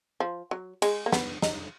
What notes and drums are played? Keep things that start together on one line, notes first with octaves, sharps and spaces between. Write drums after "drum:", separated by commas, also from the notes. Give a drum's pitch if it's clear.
F3
F#3
G#3, drum: cymbal
A#3
B3, drum: snare
D#4, drum: snare